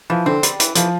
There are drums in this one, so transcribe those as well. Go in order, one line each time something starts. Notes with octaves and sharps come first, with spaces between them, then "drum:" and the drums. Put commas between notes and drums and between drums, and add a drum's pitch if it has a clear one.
E3 F3
D3 C4
G3, drum: hi-hat
E3, drum: hi-hat
E3 F3, drum: hi-hat